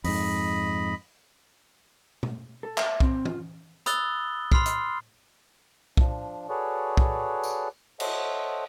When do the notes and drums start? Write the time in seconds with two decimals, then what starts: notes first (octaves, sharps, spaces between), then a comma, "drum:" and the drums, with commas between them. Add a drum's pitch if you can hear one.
0.04 F2 G#2 D#5 B5, drum: open hi-hat
2.23 drum: tom
2.63 A4
2.78 E5, drum: clap
3.00 C4, drum: kick
3.25 F4, drum: tom
3.86 B5 D#6 E6 F#6 A6 G7, drum: hi-hat
4.52 B5 C6 F6 C7, drum: kick
4.66 drum: hi-hat
5.97 F3 D4, drum: kick
6.49 F#4 G#4 A4 B4 C#5 D5
6.97 drum: kick
7.44 drum: tambourine
8.00 A4 C5 C#5 D#5 E5 F#5, drum: cymbal